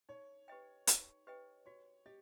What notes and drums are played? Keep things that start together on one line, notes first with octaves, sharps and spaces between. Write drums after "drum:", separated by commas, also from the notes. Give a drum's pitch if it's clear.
D#4 C#5
G4 B4 D#5 G5
D#4, drum: hi-hat
G4 B4 D#5 G5
F#4 C#5
G4 D#5